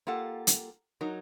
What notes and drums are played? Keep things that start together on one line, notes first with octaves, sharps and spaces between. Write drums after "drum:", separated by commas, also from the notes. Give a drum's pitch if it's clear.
A#3 F4 G4 A4 F#5
drum: hi-hat
F#3 D#4 A#4